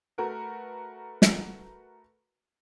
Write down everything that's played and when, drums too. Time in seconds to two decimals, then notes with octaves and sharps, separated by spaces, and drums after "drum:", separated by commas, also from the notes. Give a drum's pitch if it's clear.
0.18 A3 F#4 A#4 B4
1.22 drum: snare